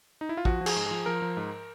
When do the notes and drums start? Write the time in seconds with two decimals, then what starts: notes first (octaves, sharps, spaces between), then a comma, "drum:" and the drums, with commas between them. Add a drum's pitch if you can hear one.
0.21 D#4
0.29 E4
0.37 F4
0.45 F3 F#4, drum: kick
0.61 F3
0.66 G#4, drum: cymbal
0.76 G#2
0.86 F3 G#4
1.06 F3 A#4
1.22 F3
1.37 G#2